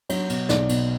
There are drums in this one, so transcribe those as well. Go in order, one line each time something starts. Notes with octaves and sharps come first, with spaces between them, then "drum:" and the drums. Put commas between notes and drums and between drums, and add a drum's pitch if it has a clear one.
F#3 C#5, drum: cymbal
B2, drum: cymbal
B1 D5, drum: snare
B2, drum: cymbal